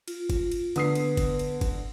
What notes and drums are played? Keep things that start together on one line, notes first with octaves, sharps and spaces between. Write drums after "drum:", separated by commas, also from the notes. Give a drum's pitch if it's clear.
F4, drum: cymbal
drum: kick F#1, cymbal
drum: cymbal
D3 B3 B4 D#6 C7, drum: cymbal
drum: cymbal
drum: kick F#1, cymbal
drum: cymbal
drum: kick F#1, cymbal